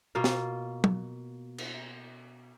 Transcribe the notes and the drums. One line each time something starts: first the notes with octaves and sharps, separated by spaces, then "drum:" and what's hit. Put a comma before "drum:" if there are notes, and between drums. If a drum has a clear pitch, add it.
B2 A#3 F4 F5
drum: snare
drum: tom
drum: cymbal